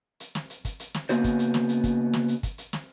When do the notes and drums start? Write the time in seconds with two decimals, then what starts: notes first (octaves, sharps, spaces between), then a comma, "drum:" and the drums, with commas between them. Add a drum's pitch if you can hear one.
0.20 drum: hi-hat
0.35 drum: snare
0.50 drum: hi-hat
0.65 drum: kick, hi-hat
0.80 drum: hi-hat
0.94 drum: snare
1.09 C#3 E3 A#3 B3 F#4 C5, drum: hi-hat
1.24 drum: kick, hi-hat
1.39 drum: hi-hat
1.54 drum: snare
1.69 drum: hi-hat
1.84 drum: kick, hi-hat
2.13 drum: snare
2.28 drum: hi-hat
2.43 drum: kick, hi-hat
2.58 drum: hi-hat
2.73 drum: snare